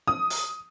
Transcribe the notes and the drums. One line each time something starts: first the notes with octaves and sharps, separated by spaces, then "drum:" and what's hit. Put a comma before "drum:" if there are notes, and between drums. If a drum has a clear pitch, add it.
D#6
drum: open hi-hat